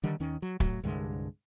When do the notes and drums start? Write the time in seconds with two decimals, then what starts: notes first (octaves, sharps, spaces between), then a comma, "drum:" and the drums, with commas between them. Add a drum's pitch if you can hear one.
0.04 D3 D#3 G3
0.20 D#2 D#3 C#4
0.42 F#3
0.60 A2 F#3, drum: kick
0.83 C2 G2 D3 G#3